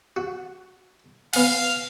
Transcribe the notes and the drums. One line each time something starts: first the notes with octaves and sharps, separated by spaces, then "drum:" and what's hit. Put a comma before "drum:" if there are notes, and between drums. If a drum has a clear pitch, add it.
F#4
B3 F5 G#5, drum: cymbal